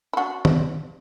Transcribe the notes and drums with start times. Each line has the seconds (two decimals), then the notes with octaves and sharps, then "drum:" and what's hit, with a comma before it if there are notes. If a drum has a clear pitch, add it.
0.13 E4
0.17 D4 F#4
0.45 drum: tom D#3